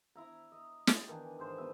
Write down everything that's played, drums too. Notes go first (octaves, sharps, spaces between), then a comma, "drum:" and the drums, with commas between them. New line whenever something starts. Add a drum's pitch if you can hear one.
E4 E5 A#5
D#5
G4, drum: snare
D#3 E3 D4 G#5
G#2 C5
B2 B4 E5